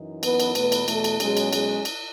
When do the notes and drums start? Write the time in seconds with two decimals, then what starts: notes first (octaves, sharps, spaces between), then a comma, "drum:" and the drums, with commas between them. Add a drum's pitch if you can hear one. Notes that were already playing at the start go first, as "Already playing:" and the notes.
Already playing: F#2 E3 D#4
0.23 B3 B4, drum: cymbal
0.40 drum: cymbal
0.55 E2 B2 A3 B3 B4, drum: cymbal
0.72 drum: cymbal
0.88 A3 A4, drum: cymbal
1.04 drum: cymbal
1.20 B2 F#3 G#3 C#4 G#4, drum: cymbal
1.37 drum: cymbal
1.53 G#3 G#4, drum: cymbal
1.85 drum: cymbal